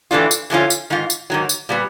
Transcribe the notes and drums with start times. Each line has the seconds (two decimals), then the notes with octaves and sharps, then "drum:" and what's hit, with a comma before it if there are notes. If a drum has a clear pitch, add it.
0.11 A2 E3 A3 D4 F4
0.31 drum: tambourine
0.50 D3 F3 A3 C#4 F4
0.70 drum: tambourine
0.90 G#2 D#3 F4
1.10 drum: tambourine
1.30 G#2 D#3 F#3
1.49 drum: tambourine
1.69 A#2 G3 B3